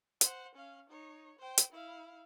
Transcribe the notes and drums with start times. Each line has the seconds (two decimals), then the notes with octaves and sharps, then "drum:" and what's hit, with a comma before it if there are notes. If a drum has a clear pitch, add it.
0.21 C5 F#5, drum: hi-hat
0.56 C#4 F5
0.90 D#4 C#5
1.39 C5 G5
1.58 drum: hi-hat
1.73 E4 F5